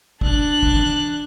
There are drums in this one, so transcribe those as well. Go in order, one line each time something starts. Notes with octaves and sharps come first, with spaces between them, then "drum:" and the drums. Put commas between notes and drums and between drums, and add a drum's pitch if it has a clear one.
D4 F#6, drum: kick
drum: kick
drum: tom E3